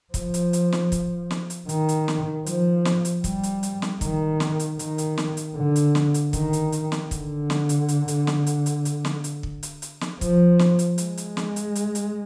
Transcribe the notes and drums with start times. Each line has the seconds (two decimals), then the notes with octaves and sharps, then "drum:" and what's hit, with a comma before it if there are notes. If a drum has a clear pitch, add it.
0.14 F3, drum: kick, hi-hat
0.34 drum: hi-hat
0.53 drum: hi-hat
0.72 drum: snare
0.92 drum: kick, hi-hat
1.31 drum: snare
1.50 drum: hi-hat
1.69 D#3, drum: hi-hat
1.89 drum: hi-hat
2.08 drum: snare
2.46 F3, drum: hi-hat
2.85 drum: snare
3.05 drum: hi-hat
3.24 G3, drum: kick, hi-hat
3.43 drum: hi-hat
3.63 drum: hi-hat
3.82 drum: snare
4.01 D#3, drum: kick, hi-hat
4.40 drum: snare
4.59 drum: hi-hat
4.79 D#3, drum: hi-hat
4.98 drum: hi-hat
5.18 drum: snare
5.37 drum: hi-hat
5.56 D3
5.76 drum: hi-hat
5.95 drum: snare
6.14 drum: hi-hat
6.33 D#3, drum: kick, hi-hat
6.53 drum: hi-hat
6.72 drum: hi-hat
6.92 drum: snare
7.11 D3, drum: kick, hi-hat
7.50 drum: snare
7.69 drum: hi-hat
7.88 drum: hi-hat
8.08 drum: hi-hat
8.27 drum: snare
8.47 drum: hi-hat
8.66 drum: hi-hat
8.85 drum: hi-hat
9.05 drum: snare
9.24 drum: hi-hat
9.43 drum: kick
9.63 drum: hi-hat
9.82 drum: hi-hat
10.01 drum: snare
10.21 F3, drum: kick, hi-hat
10.59 drum: snare
10.79 drum: hi-hat
10.98 G#3, drum: hi-hat
11.17 drum: hi-hat
11.37 drum: snare
11.56 drum: hi-hat
11.75 drum: hi-hat
11.95 drum: hi-hat